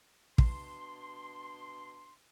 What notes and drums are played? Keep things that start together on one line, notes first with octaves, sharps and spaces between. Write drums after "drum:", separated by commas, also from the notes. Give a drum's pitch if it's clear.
B2 D4 C6, drum: kick